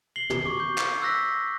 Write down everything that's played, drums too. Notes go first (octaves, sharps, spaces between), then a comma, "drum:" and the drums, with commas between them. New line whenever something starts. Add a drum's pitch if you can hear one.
C7 F#7 G7
drum: tom
C#6 D6
G6
drum: clap
E6 F#6 A#6 B6